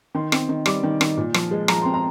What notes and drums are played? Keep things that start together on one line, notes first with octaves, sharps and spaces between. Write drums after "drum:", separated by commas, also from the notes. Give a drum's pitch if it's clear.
D#3 C6
C4, drum: rim click
D#3
G3 D6, drum: rim click
D#3
D#3, drum: rim click
A#2
F3, drum: rim click
G#3
F3 A#5, drum: rim click
C4 C6
A#5